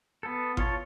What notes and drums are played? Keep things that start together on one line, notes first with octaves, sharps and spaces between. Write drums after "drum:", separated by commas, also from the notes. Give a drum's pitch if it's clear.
B3 A4
F4 C#5 A5, drum: kick G#1